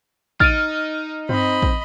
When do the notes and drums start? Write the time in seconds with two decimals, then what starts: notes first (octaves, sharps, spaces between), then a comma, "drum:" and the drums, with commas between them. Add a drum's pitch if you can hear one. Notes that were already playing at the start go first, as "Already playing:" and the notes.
0.40 D#4 F6 A6 D7 D#7, drum: kick
1.29 C4 D#5 B5, drum: tom G2
1.62 drum: kick